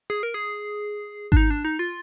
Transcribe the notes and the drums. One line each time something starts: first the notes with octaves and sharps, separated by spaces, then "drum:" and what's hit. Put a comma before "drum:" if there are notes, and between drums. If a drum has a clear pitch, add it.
G#4
A#4
G#4
D4, drum: kick G#1
D#4
D4
D#4
F4